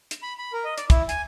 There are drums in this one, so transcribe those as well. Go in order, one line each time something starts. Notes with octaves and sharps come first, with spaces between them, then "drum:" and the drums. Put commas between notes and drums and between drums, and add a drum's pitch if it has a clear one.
drum: hi-hat
B5
B5
A#4
D#5
D5, drum: hi-hat
E4, drum: kick, hi-hat
G#5, drum: hi-hat